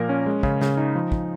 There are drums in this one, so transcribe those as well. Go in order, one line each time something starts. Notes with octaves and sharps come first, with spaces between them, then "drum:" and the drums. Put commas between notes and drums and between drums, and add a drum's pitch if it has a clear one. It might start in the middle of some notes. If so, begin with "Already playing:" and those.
Already playing: A#2 F3 A#3 A#4
C#4
G#3
C#3, drum: kick
C#3, drum: snare
D#4
F3
drum: kick